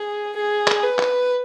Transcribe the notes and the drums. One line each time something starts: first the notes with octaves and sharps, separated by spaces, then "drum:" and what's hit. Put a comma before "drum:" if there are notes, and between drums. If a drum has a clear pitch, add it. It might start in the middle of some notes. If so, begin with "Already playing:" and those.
Already playing: G#4
G#4
drum: clap
B4
drum: clap